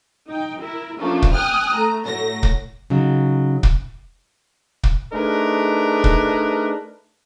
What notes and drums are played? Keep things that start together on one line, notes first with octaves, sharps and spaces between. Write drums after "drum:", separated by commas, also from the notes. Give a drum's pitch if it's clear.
D#4 G5
E4 A#4
F3 A3 A#3 C#4 D4
drum: kick
G5 G#5 D#6 F6 F#6
A3 A#5
A2 F#3 A3 A#6
drum: kick
C#3 F#3 D#4
drum: kick
drum: kick
A3 D4 D#4 G#4 A#4 B4
drum: kick